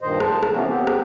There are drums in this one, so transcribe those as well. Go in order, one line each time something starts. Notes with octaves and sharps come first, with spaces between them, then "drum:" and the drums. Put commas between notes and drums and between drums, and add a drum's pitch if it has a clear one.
G2 A#2 D#3 C5 D#5
A5, drum: rim click
drum: rim click
C3 E3 F3 A#3 B3 C#4
B3 C4 G4
drum: rim click